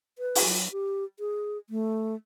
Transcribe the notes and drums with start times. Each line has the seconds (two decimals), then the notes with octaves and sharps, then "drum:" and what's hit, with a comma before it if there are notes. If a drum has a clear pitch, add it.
0.18 B4
0.35 drum: open hi-hat
0.45 F#3
0.71 G4
1.19 G#4
1.70 A3